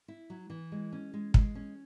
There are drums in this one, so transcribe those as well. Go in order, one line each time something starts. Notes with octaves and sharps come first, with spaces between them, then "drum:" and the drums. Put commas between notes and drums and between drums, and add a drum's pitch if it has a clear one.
E4
F#3
E3
G#3
C#4
G#3
G#3, drum: kick
C#4